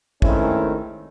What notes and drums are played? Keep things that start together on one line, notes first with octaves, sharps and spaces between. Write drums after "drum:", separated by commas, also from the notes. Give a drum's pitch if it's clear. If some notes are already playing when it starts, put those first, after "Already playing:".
D#3 G#3 A3 C4 C#4 E4, drum: kick